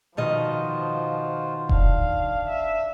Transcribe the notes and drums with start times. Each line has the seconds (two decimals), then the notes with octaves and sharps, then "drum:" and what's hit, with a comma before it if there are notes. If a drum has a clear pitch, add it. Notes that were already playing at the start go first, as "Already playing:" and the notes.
0.17 B2 D#3 F3 F4 F#4 C5 D#5
1.69 D4 F5, drum: kick E1
2.48 E5